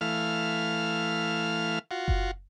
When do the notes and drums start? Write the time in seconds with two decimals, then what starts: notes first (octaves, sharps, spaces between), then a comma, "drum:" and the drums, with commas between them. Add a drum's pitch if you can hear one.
0.01 E3 A3 F5 F6
1.91 F4 F#4
2.08 drum: kick F#1